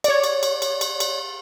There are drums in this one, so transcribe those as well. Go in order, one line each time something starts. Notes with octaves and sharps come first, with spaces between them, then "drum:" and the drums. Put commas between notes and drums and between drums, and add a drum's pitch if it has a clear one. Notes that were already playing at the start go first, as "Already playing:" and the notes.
C#5 D5, drum: cymbal
drum: cymbal
drum: cymbal
drum: cymbal
drum: cymbal
drum: cymbal